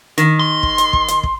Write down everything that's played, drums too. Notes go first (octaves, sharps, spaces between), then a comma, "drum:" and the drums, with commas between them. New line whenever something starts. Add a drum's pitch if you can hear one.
D#3, drum: hi-hat
C6
drum: kick
drum: hi-hat
drum: kick
drum: hi-hat
drum: kick